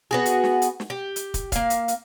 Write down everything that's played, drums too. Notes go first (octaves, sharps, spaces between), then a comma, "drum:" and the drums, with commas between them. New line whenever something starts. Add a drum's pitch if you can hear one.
B3 F#4 G#4
drum: hi-hat
drum: snare
drum: hi-hat
drum: snare
G4
drum: hi-hat
drum: kick, hi-hat
A#3 F5, drum: kick, hi-hat
drum: hi-hat
drum: hi-hat